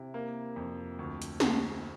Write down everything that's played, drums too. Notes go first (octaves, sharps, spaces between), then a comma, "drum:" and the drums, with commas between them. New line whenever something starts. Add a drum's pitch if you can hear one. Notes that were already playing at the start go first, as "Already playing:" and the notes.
Already playing: C3 E4
A#3
F2
D2
drum: hi-hat
D2, drum: snare